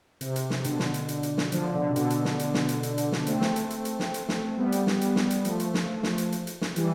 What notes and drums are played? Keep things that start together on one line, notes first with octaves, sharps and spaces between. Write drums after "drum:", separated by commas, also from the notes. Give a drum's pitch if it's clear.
C3, drum: hi-hat
drum: hi-hat
drum: snare
B2 D3, drum: hi-hat
drum: snare
drum: hi-hat
drum: hi-hat
drum: hi-hat
drum: snare
D3 F3, drum: hi-hat
B2 D3
C3
B2 D3, drum: hi-hat
drum: hi-hat
drum: snare
drum: hi-hat
drum: snare
drum: hi-hat
drum: hi-hat
drum: hi-hat
drum: snare
A3 C4, drum: hi-hat
drum: snare
drum: hi-hat
drum: hi-hat
drum: hi-hat
drum: snare
drum: hi-hat
drum: snare
G3 B3
drum: hi-hat
drum: snare
drum: hi-hat
drum: snare
drum: hi-hat
F3 A3, drum: hi-hat
drum: hi-hat
drum: snare
drum: snare
drum: hi-hat
drum: hi-hat
drum: hi-hat
drum: snare
E3 G3, drum: hi-hat